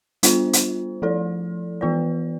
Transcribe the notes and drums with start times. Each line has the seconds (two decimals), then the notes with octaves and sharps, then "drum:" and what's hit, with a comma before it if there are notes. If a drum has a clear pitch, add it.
0.23 G3 B3 D4 F4 C5, drum: hi-hat
0.53 drum: hi-hat
1.02 F3 A3 E4 A4 D5
1.81 E3 B3 F4 B4 D5